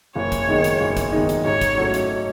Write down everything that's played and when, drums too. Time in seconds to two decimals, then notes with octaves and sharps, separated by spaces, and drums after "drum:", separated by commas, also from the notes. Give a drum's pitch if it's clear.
0.16 F#1 C#5
0.32 drum: kick, hi-hat
0.48 E2 D#3 G#3 D#4
0.64 drum: hi-hat
0.81 F#1
0.97 drum: kick, hi-hat
1.12 E2 D#3 G#3 D#4
1.29 drum: hi-hat
1.45 G#2 C#5
1.61 drum: kick, hi-hat
1.78 F#3 A3 C#4
1.94 drum: hi-hat